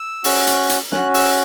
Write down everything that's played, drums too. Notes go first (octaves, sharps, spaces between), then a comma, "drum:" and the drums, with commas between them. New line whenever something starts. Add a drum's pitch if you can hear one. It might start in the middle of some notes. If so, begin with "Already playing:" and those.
Already playing: E6
C#4 F#4, drum: open hi-hat
drum: hi-hat
drum: hi-hat
C#4 F#4 F#6, drum: snare
E6, drum: open hi-hat